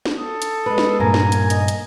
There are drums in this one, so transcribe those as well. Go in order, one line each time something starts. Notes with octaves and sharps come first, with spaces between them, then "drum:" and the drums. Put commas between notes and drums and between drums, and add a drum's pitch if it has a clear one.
drum: snare
A4 D#6
drum: hi-hat
G#3 B4
drum: snare
G2 A#2 A#3 G#5 A#5
drum: snare
drum: hi-hat
D#5, drum: hi-hat
drum: hi-hat